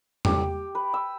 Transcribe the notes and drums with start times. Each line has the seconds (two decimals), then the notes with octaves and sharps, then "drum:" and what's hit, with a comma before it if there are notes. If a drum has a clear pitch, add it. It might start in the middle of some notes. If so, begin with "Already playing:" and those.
0.25 G4, drum: tom E2
0.75 B4
0.94 E6